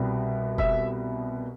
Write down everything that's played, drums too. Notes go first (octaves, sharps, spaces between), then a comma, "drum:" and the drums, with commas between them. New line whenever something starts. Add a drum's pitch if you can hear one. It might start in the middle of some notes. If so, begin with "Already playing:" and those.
Already playing: C2 B2 G3 B3
E5, drum: kick F1